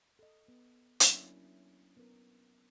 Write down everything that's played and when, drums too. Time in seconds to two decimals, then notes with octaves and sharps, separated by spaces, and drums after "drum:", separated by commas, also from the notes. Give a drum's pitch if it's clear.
0.19 A4 D#5
0.48 B3
1.00 F#3 A#3 C#4 D4 E4 A#4, drum: hi-hat
1.97 B3 A#4